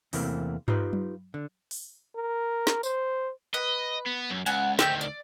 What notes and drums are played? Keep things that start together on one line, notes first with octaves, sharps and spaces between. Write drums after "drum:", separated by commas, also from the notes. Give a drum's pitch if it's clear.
E2 C3 E3 A3 A#3 C4, drum: open hi-hat
D#4 F4 G4 B4, drum: tom G2
drum: tom F#3
D3
drum: open hi-hat
A#4
drum: snare
C5, drum: tambourine
B4 D#5
B3
F#2
C#2 F#5 G#5
D2 D#3 C4 G4 G6, drum: snare
D5